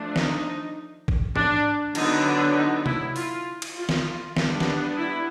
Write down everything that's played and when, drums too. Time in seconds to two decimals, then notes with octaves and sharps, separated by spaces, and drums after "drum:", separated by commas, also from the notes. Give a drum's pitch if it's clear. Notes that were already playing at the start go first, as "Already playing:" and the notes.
Already playing: F3 A3 D4
0.16 D#4, drum: snare
1.08 drum: kick
1.36 D4, drum: tom G#2
1.95 D3 F#3 B3 D4 D#4, drum: cymbal
2.25 D4
2.56 D#4
2.86 E4, drum: tom C3
3.16 F4, drum: open hi-hat
3.62 drum: cymbal
3.76 F4
3.89 drum: snare
4.37 G3 B3 D4, drum: snare
4.60 drum: snare
4.96 E4